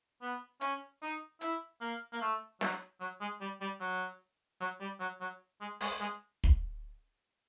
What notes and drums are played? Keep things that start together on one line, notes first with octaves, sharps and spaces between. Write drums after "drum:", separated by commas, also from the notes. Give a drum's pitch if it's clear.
B3
C#4, drum: hi-hat
D#4
E4, drum: hi-hat
A#3
A#3
A3
F#3, drum: snare
F#3
G#3
G3
G3
F#3
F#3
G3
F#3
F#3
G#3
G#3, drum: open hi-hat
G#3
drum: kick